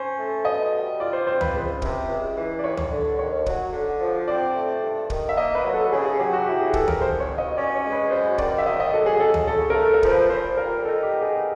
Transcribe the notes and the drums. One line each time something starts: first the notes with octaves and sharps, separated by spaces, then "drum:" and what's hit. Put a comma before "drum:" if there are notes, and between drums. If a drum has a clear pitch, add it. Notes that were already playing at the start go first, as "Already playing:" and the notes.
Already playing: C#4 C5
A3
B2 D#5
G3
F4 D5
C5
C4 C5
B4, drum: tom C#2
C#2
C3, drum: kick
C#2
E3
D5
D#2 C#5
drum: tom C#2
D3
D#2 C#5
F#3, drum: kick
D3
F3
C4 D5
A3
G2
D#3, drum: kick
E5
A#3 D#5
B4
F#3
A4
C#3 G#4
G#4
F#3 G4
F#4
E4 G4
G#4
B3 A4, drum: kick
A#4, drum: tom C#2
C2 C5
C#5
B2
D#5
C#4 D5
C#5
G#3
B4
F#2 C5
D#3 D5, drum: kick
E5
F#2 D#5
D#5
F#3 A4
G#4
D#2 A4
drum: tom C#2
C#3 A4
A#4
A3 A4
A#4
F3 C5, drum: kick
B4
A#2 C5
G3 A#4
D#4 A4
G4
B3
G#4